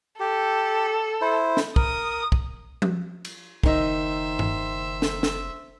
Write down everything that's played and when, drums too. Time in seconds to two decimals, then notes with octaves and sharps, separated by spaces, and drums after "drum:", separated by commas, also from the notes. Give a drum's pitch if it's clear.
0.20 G4 A4
1.21 E4 C5
1.57 drum: snare
1.76 A#4 D#6, drum: kick
2.32 drum: kick
2.82 drum: tom F3
3.25 drum: cymbal
3.64 F#1 D#3 D#4 C5 E5, drum: kick
4.39 drum: tom G2
5.02 drum: snare
5.23 drum: snare